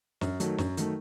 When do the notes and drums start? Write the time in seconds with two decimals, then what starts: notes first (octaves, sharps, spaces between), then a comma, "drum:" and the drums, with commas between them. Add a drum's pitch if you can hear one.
0.21 F#2, drum: snare
0.40 D#3 F#3 A3, drum: hi-hat
0.58 F#2, drum: snare
0.77 D#3 F#3 A3, drum: hi-hat